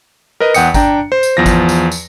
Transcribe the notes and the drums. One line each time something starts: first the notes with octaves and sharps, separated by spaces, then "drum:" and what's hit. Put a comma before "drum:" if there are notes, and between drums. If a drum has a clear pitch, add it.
A#4 B4 D#5
E2 F#5 G5 D#6 C#7, drum: tambourine
D4 G5 A#5, drum: kick G#1, tambourine
C5
drum: tambourine
E2 F3 A#6
drum: kick G#1, tambourine
drum: tambourine
drum: tambourine